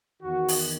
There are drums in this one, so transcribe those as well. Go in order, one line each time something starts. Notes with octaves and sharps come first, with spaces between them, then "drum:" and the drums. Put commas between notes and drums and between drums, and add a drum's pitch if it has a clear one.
E2 D#3 F#4
drum: open hi-hat